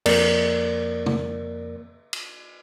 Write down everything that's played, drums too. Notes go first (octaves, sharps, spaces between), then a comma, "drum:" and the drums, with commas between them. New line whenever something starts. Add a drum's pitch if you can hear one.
F2 A#3 A#4 D5, drum: cymbal
drum: tom
drum: cymbal